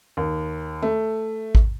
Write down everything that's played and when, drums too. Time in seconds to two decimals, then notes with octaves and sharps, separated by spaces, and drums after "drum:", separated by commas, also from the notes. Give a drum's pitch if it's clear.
0.17 D#2
0.82 A3
1.55 drum: kick G#1